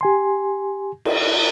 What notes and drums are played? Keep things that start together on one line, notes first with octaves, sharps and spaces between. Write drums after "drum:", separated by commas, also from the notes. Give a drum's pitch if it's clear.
G4 G#5 C6
drum: cymbal